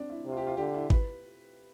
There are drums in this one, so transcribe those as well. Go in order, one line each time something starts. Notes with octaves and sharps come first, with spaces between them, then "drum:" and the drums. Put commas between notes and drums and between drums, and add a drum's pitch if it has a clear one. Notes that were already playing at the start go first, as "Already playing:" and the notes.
Already playing: C4 D4
E4
C3
F4
G4
F4
D3 G4
E4
B4, drum: kick G#1